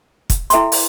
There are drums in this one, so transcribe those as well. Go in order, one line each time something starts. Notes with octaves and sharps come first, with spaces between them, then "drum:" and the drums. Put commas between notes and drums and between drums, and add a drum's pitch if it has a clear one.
drum: kick, hi-hat
E4 A4 E5 G5 C6, drum: hi-hat
drum: open hi-hat